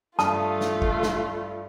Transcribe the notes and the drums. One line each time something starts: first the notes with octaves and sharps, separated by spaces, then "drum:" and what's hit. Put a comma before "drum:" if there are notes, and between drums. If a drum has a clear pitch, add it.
G2 A3 F4 A5 D#6, drum: snare
drum: snare
drum: kick
drum: snare